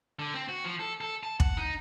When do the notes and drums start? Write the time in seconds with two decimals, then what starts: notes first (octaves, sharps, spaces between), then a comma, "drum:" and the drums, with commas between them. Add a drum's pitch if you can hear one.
0.19 D3
0.34 C4
0.48 F#4
0.65 F3
0.79 A4
1.01 A4
1.23 A5
1.40 F#5, drum: kick
1.57 D#4